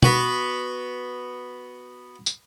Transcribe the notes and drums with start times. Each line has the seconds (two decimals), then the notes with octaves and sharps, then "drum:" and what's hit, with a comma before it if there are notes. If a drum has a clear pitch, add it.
0.03 B3 F#4, drum: tom
2.26 drum: tambourine